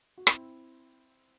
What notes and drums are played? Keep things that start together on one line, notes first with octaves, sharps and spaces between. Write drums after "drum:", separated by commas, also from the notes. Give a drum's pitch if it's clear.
F#4
C4 E4, drum: rim click